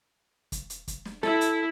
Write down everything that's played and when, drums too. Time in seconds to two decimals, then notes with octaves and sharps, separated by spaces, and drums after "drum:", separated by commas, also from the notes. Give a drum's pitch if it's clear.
0.52 drum: kick, hi-hat
0.70 drum: hi-hat
0.88 drum: kick, hi-hat
1.05 drum: snare
1.23 E4 A4, drum: snare
1.41 drum: hi-hat